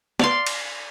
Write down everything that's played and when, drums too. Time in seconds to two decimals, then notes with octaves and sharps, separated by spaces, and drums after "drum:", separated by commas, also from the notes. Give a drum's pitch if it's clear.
0.19 D5 F5 C6, drum: snare
0.47 drum: cymbal